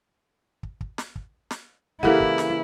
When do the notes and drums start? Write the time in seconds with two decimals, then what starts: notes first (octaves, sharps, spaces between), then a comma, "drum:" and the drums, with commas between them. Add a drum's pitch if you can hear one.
0.63 drum: kick
0.81 drum: kick
0.98 drum: snare
1.16 drum: kick
1.51 drum: snare
2.03 C#3 E3 A#3 E4 G4 A4 F#5, drum: kick
2.20 drum: kick
2.38 drum: snare